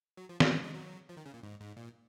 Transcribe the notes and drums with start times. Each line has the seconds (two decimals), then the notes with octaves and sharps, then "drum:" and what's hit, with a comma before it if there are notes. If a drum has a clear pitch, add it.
0.17 F#3
0.29 F3
0.40 F#3, drum: snare
0.51 G#3
0.63 G#3
0.74 F#3
1.09 F3
1.17 D#3
1.26 C#3
1.34 A#2
1.43 G#2
1.60 G#2
1.77 A#2